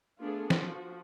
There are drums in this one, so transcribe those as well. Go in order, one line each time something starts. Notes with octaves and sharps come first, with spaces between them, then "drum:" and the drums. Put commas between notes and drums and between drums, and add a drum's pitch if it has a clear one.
A3 B3 D4 F4 G#4 A4
F3 F#4, drum: snare